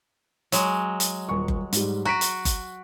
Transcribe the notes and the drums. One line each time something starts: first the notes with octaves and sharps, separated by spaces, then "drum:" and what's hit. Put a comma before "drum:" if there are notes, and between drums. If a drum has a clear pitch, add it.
F#3 G#3, drum: hi-hat
drum: hi-hat
D#1 C#6
drum: kick F#1
G#2 G3, drum: hi-hat
F#4 A#5 B6 D7
drum: hi-hat
drum: kick F#1, hi-hat